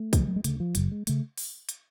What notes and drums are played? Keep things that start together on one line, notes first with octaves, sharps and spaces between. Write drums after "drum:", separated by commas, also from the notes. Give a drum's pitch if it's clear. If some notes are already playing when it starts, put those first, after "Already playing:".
Already playing: A3
D2, drum: kick, hi-hat
C#3 F3
F#3
G#3
D2 C#3 A3, drum: hi-hat
F3
F#1 F#2 C#3 F#3, drum: hi-hat
G#3
C#3 A3, drum: hi-hat
drum: open hi-hat
drum: hi-hat